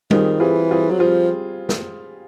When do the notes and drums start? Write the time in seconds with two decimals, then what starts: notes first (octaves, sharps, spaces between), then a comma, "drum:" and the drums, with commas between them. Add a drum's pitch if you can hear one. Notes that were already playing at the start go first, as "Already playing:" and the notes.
0.11 D#3 G3 C4 F4 G#4, drum: tom
0.40 E3 G3 C4 F4 G#4
0.69 G3 C4 F4 G#4
0.90 F#3
0.99 F3 G3 C4 F4 G#4
1.69 drum: snare